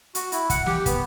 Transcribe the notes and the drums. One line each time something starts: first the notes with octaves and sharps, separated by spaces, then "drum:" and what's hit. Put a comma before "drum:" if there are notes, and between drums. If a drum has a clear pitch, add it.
F#4, drum: hi-hat
E4, drum: hi-hat
F#5, drum: kick, hi-hat
G4, drum: snare
B3, drum: kick, hi-hat